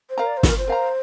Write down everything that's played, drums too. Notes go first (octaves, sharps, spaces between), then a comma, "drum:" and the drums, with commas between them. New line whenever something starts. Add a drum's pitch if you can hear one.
C5
A#4 F5 A#5
D5
C5
F4 A#4, drum: snare
C5
A#4 F5 A#5